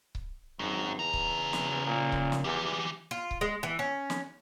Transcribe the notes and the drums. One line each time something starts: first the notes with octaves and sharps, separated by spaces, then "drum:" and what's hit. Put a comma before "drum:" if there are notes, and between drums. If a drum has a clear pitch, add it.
drum: kick C#1
G#1 F#2
E2 C#3 A#5
drum: kick C#1
drum: snare
A#2
drum: kick C#1
drum: snare
E2 E3 G4
F4
drum: kick C#1
G#3
E3
C#4
drum: snare